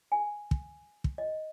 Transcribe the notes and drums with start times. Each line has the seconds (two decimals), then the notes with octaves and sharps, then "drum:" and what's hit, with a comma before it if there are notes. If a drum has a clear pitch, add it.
0.12 G#5
0.51 drum: kick
1.04 drum: kick
1.18 D#5